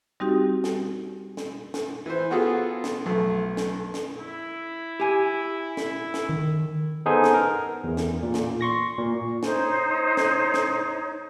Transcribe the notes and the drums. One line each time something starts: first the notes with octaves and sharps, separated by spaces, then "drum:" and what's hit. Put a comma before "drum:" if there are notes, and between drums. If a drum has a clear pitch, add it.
G3 C4 D#4 F#4 G4
drum: snare
drum: snare
drum: snare
E3 C5
B3 F4 F#4 G#4 A4
drum: snare
B1 A3
drum: snare
drum: snare
E4
G4 G#5
drum: snare
drum: snare
D#3
B3 D#4 G#4 A4 C5 G#5
drum: snare
A#4
E2
drum: snare
A#2
drum: snare
C6 C#6 A#6
A#2
D#4 C5 C#5, drum: snare
drum: snare
drum: snare